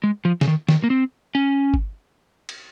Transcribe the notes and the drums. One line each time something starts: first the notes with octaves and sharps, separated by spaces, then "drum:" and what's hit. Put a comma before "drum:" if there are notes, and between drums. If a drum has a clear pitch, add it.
G#3
F3
C#3, drum: snare
D#3
D#3, drum: snare
A#3
C4
C#4
drum: kick G1
drum: cymbal